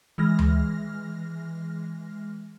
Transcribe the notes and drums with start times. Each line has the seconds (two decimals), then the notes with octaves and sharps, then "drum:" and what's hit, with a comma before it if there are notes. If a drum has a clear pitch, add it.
0.18 E3 G#3 F6 A#6
0.39 drum: tom D2